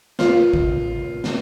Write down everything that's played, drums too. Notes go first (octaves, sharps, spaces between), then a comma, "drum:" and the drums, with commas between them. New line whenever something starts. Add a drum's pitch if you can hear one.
F4, drum: snare
drum: kick A1
drum: snare